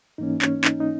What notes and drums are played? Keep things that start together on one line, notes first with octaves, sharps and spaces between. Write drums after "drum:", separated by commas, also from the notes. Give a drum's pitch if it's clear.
G#2 E3 A#3 C#4 D#4
C#4, drum: clap
D#4, drum: clap
D#4